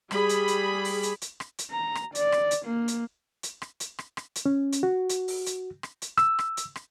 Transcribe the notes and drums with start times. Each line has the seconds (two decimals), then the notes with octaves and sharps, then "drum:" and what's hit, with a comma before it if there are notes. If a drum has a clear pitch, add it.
0.11 G3 G#4 B5, drum: rim click
0.29 drum: hi-hat
0.48 drum: hi-hat
0.85 drum: open hi-hat
1.03 drum: hi-hat
1.22 drum: hi-hat
1.40 drum: rim click
1.58 drum: hi-hat
1.71 A#5
1.95 drum: rim click
2.15 D5, drum: hi-hat
2.32 drum: rim click
2.51 drum: hi-hat
2.66 A#3
2.88 drum: hi-hat
3.43 drum: hi-hat
3.62 drum: rim click
3.80 drum: hi-hat
3.99 drum: rim click
4.17 drum: rim click
4.35 drum: hi-hat
4.46 C#4
4.72 drum: hi-hat
4.83 F#4
5.09 drum: hi-hat
5.28 drum: open hi-hat
5.46 drum: hi-hat
5.83 drum: rim click
6.02 drum: hi-hat
6.18 E6, drum: rim click
6.39 drum: rim click
6.57 drum: hi-hat
6.76 drum: rim click